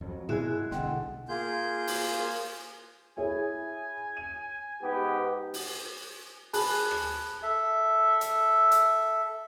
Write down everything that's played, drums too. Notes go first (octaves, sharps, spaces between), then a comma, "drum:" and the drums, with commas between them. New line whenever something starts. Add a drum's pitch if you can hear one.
F2 F#3
B2 G#3 E4 G#4 G#5 F#6 E7, drum: tom
B1 B2 D3 F#5 G5 C6, drum: snare
A#3 F4 G#4 G6
drum: open hi-hat
E4 G#4 C#5 G#5
D#7
G#2 B3 G4
drum: open hi-hat
G#4 A5 B5 F#6, drum: open hi-hat
drum: rim click
A4 E5
drum: hi-hat
drum: hi-hat